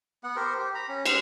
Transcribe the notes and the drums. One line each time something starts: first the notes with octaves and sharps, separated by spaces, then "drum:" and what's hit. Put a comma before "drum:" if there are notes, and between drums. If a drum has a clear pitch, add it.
B3 F#5
G4 A#4 C5
G4
A#5 B5
C#4
G#3 C#4, drum: cymbal